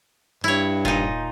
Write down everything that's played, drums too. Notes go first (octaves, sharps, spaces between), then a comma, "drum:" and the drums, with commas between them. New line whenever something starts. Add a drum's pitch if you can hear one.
G2 E4 C#5
A#2 D#4, drum: kick E1